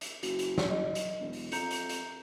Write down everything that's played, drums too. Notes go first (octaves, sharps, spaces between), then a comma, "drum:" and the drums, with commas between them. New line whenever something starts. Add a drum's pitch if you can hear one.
drum: hi-hat
F#1 F#4, drum: hi-hat
drum: hi-hat
drum: snare
D#5
drum: hi-hat
E1
drum: open hi-hat
F2 A#5 G6 C#7, drum: hi-hat
drum: hi-hat
drum: hi-hat